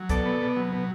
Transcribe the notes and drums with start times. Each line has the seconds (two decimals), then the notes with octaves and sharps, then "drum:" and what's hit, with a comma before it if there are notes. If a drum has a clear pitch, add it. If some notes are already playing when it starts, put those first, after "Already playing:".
Already playing: F#3
0.09 B2 A4 D5, drum: kick, hi-hat
0.26 B3
0.41 B2
0.56 F#3
0.73 B2